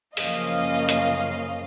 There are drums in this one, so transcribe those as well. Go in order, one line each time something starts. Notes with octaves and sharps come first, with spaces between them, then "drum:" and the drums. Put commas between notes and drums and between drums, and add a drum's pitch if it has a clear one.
F#2 C#3 F3 A#3 C#4 D#5 F5, drum: open hi-hat
drum: hi-hat